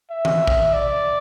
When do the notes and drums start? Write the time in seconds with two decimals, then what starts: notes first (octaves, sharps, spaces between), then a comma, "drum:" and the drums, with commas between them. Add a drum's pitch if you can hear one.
0.11 E5
0.25 drum: tom D#3
0.47 drum: kick
0.74 D5